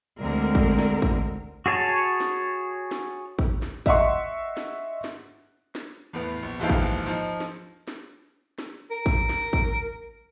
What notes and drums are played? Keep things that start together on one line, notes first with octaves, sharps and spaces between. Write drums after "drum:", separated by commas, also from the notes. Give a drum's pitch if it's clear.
D2 D3 G#3 C4 A#4
drum: kick
drum: snare
drum: kick
F#4 G#4 C#5 A5
drum: snare
drum: snare
drum: kick
drum: snare
D#5 E5 F#5 C6 C#6, drum: kick
drum: snare
drum: snare
drum: snare
E2 A2 B3
A#1
D#1 D#2 G#2 E3 F3 F5
drum: kick
F3 D#4
drum: snare
drum: snare
drum: snare
A#4
drum: kick
drum: snare
drum: kick